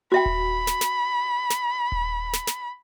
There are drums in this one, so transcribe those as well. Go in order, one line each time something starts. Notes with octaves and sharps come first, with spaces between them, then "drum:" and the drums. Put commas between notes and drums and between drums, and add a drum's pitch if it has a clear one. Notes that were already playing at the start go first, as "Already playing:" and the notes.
F#4 E5 G5 B5
drum: kick D#1
drum: snare
drum: snare
drum: snare
drum: kick D#1
drum: snare
drum: snare